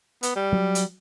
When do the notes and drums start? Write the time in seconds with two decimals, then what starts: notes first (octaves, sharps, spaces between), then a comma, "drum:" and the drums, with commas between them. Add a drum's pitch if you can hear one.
0.23 B3, drum: hi-hat
0.36 G3
0.53 F#3
0.75 drum: hi-hat